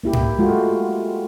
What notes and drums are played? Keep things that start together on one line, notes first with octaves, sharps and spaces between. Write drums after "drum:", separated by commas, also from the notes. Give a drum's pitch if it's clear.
A#3 E4 G4
drum: tom G#2
G#3 A3 F4 F#4